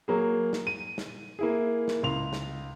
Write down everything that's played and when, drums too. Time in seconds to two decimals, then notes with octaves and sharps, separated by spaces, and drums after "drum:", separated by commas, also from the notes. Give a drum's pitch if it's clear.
0.08 F#3 A#3 G#4
0.53 drum: snare
0.67 D#7
0.98 drum: snare
1.39 A#3 E4 G#4
1.88 drum: snare
2.03 C#2 C6 F7
2.33 drum: snare